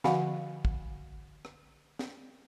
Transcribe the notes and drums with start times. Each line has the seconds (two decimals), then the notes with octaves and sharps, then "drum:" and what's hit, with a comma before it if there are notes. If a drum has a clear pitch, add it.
0.04 D3 F3 F#4 F5 F#5 G#5, drum: snare
0.65 drum: kick
1.45 drum: rim click
1.99 drum: snare